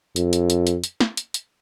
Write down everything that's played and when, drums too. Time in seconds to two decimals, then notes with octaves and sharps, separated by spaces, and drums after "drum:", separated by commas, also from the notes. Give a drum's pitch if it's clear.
0.16 F2, drum: hi-hat
0.33 drum: hi-hat
0.50 drum: hi-hat
0.67 drum: hi-hat
0.84 drum: hi-hat
1.00 drum: snare
1.17 drum: hi-hat
1.34 drum: hi-hat